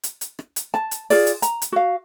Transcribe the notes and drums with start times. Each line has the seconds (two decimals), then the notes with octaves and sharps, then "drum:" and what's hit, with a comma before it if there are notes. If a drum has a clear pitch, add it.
0.03 drum: hi-hat
0.21 drum: hi-hat
0.39 drum: rim click
0.56 drum: hi-hat
0.74 A5, drum: rim click
0.91 drum: hi-hat
1.10 F4 G#4 D5, drum: open hi-hat
1.26 drum: hi-hat
1.42 A#5, drum: hi-hat
1.62 drum: hi-hat
1.72 F#4 F5